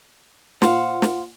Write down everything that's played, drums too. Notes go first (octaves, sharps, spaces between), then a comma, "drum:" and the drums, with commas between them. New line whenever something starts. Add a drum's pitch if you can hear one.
A#2 C5 F5 F#5, drum: snare
drum: snare